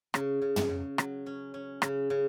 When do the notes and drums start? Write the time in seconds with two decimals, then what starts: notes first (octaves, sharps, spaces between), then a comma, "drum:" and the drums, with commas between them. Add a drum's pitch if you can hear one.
0.14 C#3, drum: rim click
0.42 C#3
0.56 drum: tom
0.69 C#3
0.98 F#3, drum: rim click
1.26 C#4
1.54 C#4
1.82 C#3, drum: rim click
2.10 C#3